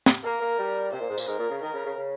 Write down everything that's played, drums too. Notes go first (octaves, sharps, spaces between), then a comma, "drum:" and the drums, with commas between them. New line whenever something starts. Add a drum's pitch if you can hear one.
drum: snare
A#3 A#4
A#3
G3
A#2
C3 C5
A#2
G#2
A#2, drum: tambourine
G#2 A#4
A#2
C#3
D#3 A#4
C#3
C#3
C#3